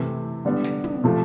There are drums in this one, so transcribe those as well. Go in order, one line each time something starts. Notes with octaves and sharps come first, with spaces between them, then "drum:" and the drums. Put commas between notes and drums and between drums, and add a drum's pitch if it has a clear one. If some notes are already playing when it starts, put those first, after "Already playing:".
Already playing: C3 E3 A3
D3 G3 B3
drum: snare
drum: tom
C3 F3 A3